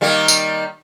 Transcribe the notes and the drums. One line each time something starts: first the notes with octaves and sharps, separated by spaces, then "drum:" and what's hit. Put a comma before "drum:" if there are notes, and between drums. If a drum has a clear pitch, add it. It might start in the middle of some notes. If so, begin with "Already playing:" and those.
D#3 G3 A#3
drum: tambourine